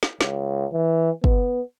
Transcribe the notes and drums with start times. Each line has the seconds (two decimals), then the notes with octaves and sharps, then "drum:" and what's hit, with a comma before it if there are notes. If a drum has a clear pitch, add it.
0.03 drum: snare
0.21 C#2, drum: snare
0.73 E3
1.24 B3, drum: kick